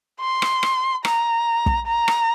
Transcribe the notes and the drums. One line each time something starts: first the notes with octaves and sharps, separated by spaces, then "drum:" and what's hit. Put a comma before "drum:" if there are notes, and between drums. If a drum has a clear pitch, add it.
C6
drum: rim click
drum: rim click
A#5, drum: rim click
drum: kick
A#5
drum: rim click